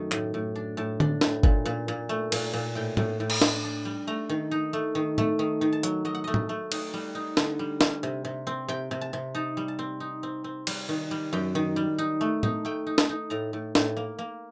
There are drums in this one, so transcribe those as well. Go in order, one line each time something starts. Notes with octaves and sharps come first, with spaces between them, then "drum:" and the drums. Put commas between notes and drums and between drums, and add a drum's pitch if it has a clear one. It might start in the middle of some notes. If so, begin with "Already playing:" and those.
Already playing: F#2 D#3 A3
A2, drum: clap
A2
D4
A2 A5
D4, drum: tom D3
A2, drum: snare
A#2, drum: kick G1
A#2
A#2
A3
A#2, drum: cymbal
A#2
A2 G5
A2, drum: tom A2
A2
drum: cymbal
D4, drum: snare
D4
G3
A3 A#5
D#3
D#4
A3
D#3
A3, drum: tom A2
D#3
D#3
A5
F#3, drum: hi-hat
F#3 D#5
F#5
A3 D#5
drum: tom A2
A3
D#4, drum: cymbal
G3
D#4
D3, drum: snare
G3
G3, drum: snare
C3
C3
C4
C3 G5
C3
A5
C3
D#4 A5
G3
A5
C4
D#4
C4
C4
G3, drum: cymbal
D#3
G3
F#2 G5
D#3
G3
D#4
A3
D#4, drum: tom A2
A3 G5
D#4
A5, drum: snare
D#4
A2 A#5
A2
A2, drum: snare
A#3
A#3